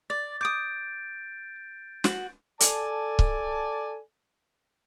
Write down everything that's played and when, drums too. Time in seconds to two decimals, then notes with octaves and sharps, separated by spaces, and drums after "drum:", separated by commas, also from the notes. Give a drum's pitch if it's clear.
0.10 D5 A6
0.41 D6 D#6 G6 D7
2.04 F#4, drum: snare
2.60 A4 D5 G#5 A5, drum: hi-hat
3.19 drum: kick C#1